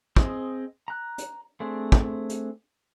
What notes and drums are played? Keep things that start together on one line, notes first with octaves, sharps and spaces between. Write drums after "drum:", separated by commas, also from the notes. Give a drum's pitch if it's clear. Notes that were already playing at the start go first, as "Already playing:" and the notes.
C4 G#4 D#5, drum: kick
A#5 F#6
drum: hi-hat
A3 C4 D4 G#4 C5
drum: kick
drum: hi-hat